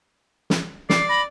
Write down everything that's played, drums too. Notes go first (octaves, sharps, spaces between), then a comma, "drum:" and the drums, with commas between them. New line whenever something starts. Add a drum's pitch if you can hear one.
drum: snare
D5 C7, drum: snare
B5 A#6